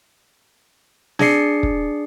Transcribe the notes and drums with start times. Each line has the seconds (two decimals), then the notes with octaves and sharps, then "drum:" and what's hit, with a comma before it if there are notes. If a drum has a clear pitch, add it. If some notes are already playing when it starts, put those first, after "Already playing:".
1.19 D4 G#4 D5 C7 C#7, drum: snare
1.63 drum: kick